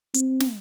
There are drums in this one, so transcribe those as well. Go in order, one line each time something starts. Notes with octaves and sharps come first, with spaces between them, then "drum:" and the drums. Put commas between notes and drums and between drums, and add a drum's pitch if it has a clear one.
C4, drum: hi-hat
drum: snare